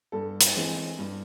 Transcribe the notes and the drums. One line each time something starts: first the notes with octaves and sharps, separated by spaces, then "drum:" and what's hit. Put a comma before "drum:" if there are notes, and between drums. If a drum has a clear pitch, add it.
G2 A4
drum: hi-hat
E3 G#3 C4
G2